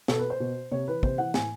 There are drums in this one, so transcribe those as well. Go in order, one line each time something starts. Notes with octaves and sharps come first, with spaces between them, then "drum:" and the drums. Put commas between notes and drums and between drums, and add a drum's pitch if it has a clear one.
B2 A4, drum: snare
B4
C5
B2
C3 C#5
E3 B4
C3 C5, drum: kick
E3 F#5
A2 G#5, drum: snare